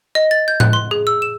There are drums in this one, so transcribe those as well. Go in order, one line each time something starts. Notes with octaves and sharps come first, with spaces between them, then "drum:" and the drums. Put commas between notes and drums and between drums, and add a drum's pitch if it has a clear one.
D#5
A6
G6
F#6, drum: tom A2
C6
G#4
E6
E7